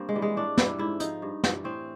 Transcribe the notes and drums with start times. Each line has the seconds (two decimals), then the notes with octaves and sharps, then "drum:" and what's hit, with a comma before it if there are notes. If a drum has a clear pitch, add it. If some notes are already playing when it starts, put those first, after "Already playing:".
Already playing: G2 A#3 C4
0.09 G#3
0.15 E3 G3
0.22 G#3
0.37 A2 D4
0.58 E3 G3 E4, drum: snare
0.78 G#2 E4
1.00 F3 D#4, drum: hi-hat
1.22 G2
1.44 E3 G3, drum: snare
1.64 A2 C4